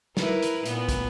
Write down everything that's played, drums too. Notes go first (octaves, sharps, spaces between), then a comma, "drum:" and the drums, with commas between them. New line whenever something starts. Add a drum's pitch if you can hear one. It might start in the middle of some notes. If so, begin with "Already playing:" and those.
E4 A#4 B4, drum: snare
drum: hi-hat
A#2 B3, drum: hi-hat
drum: kick, hi-hat